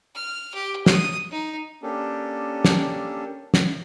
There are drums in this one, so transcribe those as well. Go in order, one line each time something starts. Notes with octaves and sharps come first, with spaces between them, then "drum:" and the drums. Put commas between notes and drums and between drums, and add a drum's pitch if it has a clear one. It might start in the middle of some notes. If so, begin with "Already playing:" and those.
F6
G4
D#6, drum: snare
D#4
A#3 C#4 D4 G4 A4
drum: snare
drum: snare